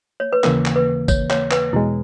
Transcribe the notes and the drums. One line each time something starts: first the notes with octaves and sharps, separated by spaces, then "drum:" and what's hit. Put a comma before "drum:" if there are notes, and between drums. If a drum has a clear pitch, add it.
C#5
B4
D#2 C#3 E3 A#3 A#4, drum: clap
drum: clap
B4
C#5, drum: kick, tambourine
C#5, drum: clap
B4, drum: clap
E2 B2 G#3 E4